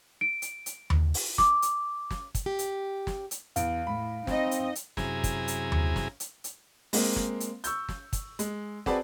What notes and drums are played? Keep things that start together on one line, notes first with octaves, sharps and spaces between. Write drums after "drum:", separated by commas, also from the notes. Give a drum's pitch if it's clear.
D7
drum: hi-hat
drum: hi-hat
drum: tom D#2
drum: open hi-hat
D6, drum: snare
drum: hi-hat
drum: snare
drum: kick, hi-hat
G4
drum: hi-hat
drum: snare
drum: hi-hat
E2 F5 D7, drum: hi-hat
A2 B5
C4 D#4 D#5, drum: snare
drum: hi-hat
drum: hi-hat
F#2 C3 E4 G#4 G#5 A#5, drum: snare
drum: kick, hi-hat
drum: hi-hat
drum: tom D#2
drum: snare
drum: hi-hat
drum: hi-hat
G#3 A#3 C4, drum: open hi-hat
drum: snare
drum: hi-hat
C#6 E6 G6, drum: hi-hat
drum: snare
drum: kick, hi-hat
G#3, drum: hi-hat
C4 F#4 G#4 B4 D5 A5, drum: snare